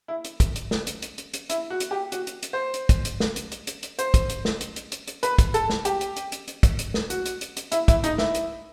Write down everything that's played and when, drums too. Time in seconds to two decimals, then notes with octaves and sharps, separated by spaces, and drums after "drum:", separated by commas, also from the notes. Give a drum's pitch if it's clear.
0.08 E4
0.24 drum: hi-hat
0.40 drum: kick, hi-hat
0.56 drum: hi-hat
0.71 drum: snare
0.87 drum: hi-hat
1.02 drum: hi-hat
1.18 drum: hi-hat
1.33 drum: hi-hat
1.49 E4, drum: hi-hat
1.70 F#4
1.80 drum: hi-hat
1.91 G4
2.12 F#4, drum: hi-hat
2.27 drum: hi-hat
2.43 drum: hi-hat
2.53 C5
2.74 drum: hi-hat
2.89 drum: kick, hi-hat
3.05 drum: hi-hat
3.20 drum: snare
3.36 drum: hi-hat
3.52 drum: hi-hat
3.67 drum: hi-hat
3.83 drum: hi-hat
3.99 C5, drum: hi-hat
4.14 drum: kick, hi-hat
4.29 drum: hi-hat
4.45 drum: snare
4.61 drum: hi-hat
4.76 drum: hi-hat
4.92 drum: hi-hat
5.07 drum: hi-hat
5.23 B4, drum: hi-hat
5.38 drum: kick, hi-hat
5.54 A4, drum: hi-hat
5.70 drum: snare
5.85 G4, drum: hi-hat
6.01 drum: hi-hat
6.16 drum: hi-hat
6.32 drum: hi-hat
6.48 drum: hi-hat
6.63 drum: kick, hi-hat
6.79 drum: hi-hat
6.94 drum: snare
7.10 F#4, drum: hi-hat
7.25 drum: hi-hat
7.41 drum: hi-hat
7.57 drum: hi-hat
7.72 E4, drum: hi-hat
7.88 E4, drum: kick, hi-hat
8.04 D#4, drum: hi-hat
8.18 E4, drum: snare
8.34 drum: hi-hat